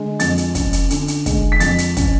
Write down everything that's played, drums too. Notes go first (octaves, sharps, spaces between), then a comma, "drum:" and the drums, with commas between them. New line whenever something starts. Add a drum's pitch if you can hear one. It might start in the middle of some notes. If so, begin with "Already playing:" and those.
Already playing: D3 G#3
F2 A6, drum: hi-hat
drum: hi-hat
C#4, drum: kick, hi-hat
drum: hi-hat
D3, drum: hi-hat
drum: hi-hat
G#3, drum: kick, hi-hat
B6
F2 A6, drum: hi-hat
drum: hi-hat
C#4, drum: kick, hi-hat